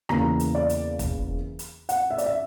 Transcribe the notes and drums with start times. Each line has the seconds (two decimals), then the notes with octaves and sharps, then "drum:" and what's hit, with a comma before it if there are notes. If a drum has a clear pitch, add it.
0.09 E2 C#3 E3 A#3 A#5, drum: rim click
0.40 drum: hi-hat
0.55 D5
0.69 drum: hi-hat
0.99 drum: kick, hi-hat
1.59 drum: hi-hat
1.89 F#5, drum: hi-hat
2.11 E5
2.18 D5, drum: hi-hat
2.26 E5